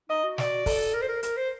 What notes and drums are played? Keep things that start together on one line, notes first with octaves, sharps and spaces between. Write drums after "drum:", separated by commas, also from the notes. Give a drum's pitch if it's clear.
D#4 D#5
F#4
D5, drum: snare
A4, drum: kick, open hi-hat
A#4
C5
A#4
A#4, drum: hi-hat
C5